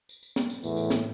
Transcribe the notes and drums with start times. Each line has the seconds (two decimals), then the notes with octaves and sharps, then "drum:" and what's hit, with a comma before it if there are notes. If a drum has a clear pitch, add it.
0.09 drum: tambourine
0.23 drum: tambourine
0.36 drum: snare
0.50 drum: tambourine
0.63 E2 A2, drum: tambourine
0.77 drum: tambourine
0.90 drum: snare